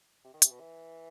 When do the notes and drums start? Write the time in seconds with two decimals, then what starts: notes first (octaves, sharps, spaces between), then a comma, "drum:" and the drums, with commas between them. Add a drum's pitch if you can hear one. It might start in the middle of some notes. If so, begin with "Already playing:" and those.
0.25 C3
0.34 D#3
0.42 C3, drum: hi-hat
0.51 B2
0.60 E3